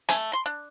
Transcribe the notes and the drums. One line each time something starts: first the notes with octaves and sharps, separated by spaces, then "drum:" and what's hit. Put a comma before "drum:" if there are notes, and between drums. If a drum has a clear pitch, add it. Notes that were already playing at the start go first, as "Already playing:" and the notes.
A3 G#5, drum: hi-hat
C6
D4